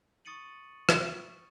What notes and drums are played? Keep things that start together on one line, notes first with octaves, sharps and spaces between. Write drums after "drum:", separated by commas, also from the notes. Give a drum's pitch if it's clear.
C#6 D#6 A6 C#7 D#7 F#7
drum: rim click